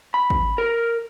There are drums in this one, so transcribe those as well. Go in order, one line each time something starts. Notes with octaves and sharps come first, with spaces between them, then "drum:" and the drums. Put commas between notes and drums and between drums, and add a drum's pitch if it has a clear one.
B5
drum: kick
A#4